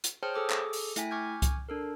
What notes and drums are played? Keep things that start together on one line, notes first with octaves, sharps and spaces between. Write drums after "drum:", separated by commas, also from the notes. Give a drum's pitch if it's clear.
drum: hi-hat
G#4 C5 C#5 G5 A5 F6
G#4 A4 D6 D#6
drum: clap
drum: open hi-hat
A3 E4 G5 G#5 B6, drum: hi-hat
G#5 C#6 D6 F6 G6 G#6
drum: kick C2, hi-hat
D4 A4 A#4